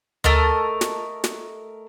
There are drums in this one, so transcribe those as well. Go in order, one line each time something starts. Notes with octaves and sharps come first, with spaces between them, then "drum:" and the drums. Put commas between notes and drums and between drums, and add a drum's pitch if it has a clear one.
A3 A4 A#4 D#5, drum: tom D2
drum: snare
drum: snare